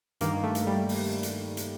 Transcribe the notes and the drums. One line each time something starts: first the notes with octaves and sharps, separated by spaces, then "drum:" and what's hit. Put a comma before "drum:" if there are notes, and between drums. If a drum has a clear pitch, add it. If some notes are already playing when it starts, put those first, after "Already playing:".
G2 D#3 A#3, drum: hi-hat
A3
drum: hi-hat
G3
drum: open hi-hat
drum: hi-hat
drum: hi-hat